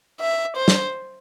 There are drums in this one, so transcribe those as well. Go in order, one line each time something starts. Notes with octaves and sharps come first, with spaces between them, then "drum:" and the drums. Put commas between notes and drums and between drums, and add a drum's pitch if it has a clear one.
E5
C5
drum: snare